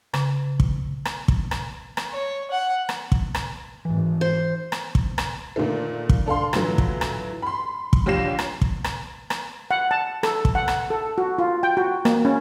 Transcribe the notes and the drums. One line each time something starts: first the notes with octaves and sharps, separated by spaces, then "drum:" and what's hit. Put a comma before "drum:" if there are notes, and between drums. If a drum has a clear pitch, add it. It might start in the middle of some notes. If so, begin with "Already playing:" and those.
C#3, drum: rim click
drum: kick
drum: rim click
drum: kick
drum: rim click
drum: rim click
C#5
F#5
drum: rim click
drum: kick
drum: rim click
G#1 E3
C5
drum: rim click
drum: kick
drum: rim click
A#2 D3 D#3 A3
drum: kick
D4 A4 F5 C6
A2 D3 E3 F#3 A3 F4, drum: rim click
drum: kick
drum: rim click
B5 C6
drum: kick
A#1 G4 C#5 A#6 C7 E7
drum: rim click
drum: kick
drum: rim click
drum: rim click
F#5
A5
A4, drum: rim click
drum: kick
F#5
drum: rim click
A4
F#4
F4
G5
F#4
A#3, drum: rim click
C#4